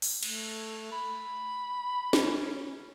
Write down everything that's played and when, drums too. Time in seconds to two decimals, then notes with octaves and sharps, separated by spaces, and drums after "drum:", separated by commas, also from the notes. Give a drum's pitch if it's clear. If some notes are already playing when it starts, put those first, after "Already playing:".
0.02 drum: open hi-hat
0.23 A3, drum: cymbal
0.92 B5
2.13 C#4, drum: snare